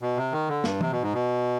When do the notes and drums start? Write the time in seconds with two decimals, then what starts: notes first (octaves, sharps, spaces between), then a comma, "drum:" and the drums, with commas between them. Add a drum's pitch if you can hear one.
0.02 B2
0.17 C3
0.32 D#3
0.49 D3
0.64 G2, drum: snare
0.81 C3, drum: tom E3
0.92 B2
1.02 G#2
1.13 B2